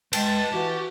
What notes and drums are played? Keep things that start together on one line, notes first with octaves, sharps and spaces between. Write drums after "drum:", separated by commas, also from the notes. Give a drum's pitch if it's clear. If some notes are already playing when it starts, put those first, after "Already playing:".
G#3 B4 G5 A5, drum: cymbal
E3 F#4 G4